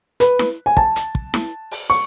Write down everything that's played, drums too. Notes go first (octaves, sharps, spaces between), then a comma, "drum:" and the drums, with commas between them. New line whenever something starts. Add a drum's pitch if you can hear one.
B4, drum: hi-hat
drum: snare E4
G#5
A5, drum: kick
drum: hi-hat
drum: kick
drum: snare E4
drum: open hi-hat
C#6